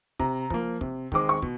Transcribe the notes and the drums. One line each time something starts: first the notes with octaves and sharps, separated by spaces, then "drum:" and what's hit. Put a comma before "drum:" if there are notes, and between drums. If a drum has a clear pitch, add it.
C3 A#5, drum: kick
F3 A#3, drum: kick
C3, drum: kick
D#3 G#3 C4 D6, drum: kick
C#6
B2, drum: kick